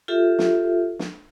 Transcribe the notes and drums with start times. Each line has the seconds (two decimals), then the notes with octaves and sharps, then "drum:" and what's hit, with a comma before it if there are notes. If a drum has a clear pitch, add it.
0.08 F4 G4 A4 E5
0.39 drum: snare
0.99 drum: snare